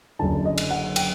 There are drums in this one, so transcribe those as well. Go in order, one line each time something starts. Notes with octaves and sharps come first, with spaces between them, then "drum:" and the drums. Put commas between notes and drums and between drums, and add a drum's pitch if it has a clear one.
F#1 F#2 D3 A5
D#5
drum: cymbal
F#5
G5, drum: cymbal